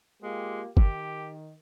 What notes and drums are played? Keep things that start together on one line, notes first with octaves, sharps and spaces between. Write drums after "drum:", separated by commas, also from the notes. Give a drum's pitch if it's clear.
G#3 A#3 F4 G4
D#3 G4, drum: kick G1